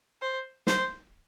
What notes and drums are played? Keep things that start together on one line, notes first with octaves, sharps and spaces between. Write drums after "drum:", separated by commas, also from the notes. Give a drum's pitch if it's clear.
C5
C5, drum: snare